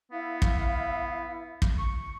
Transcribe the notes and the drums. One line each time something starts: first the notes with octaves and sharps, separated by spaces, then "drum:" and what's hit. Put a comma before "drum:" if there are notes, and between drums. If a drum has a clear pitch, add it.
B3 E4 F5
drum: kick
drum: kick
C#6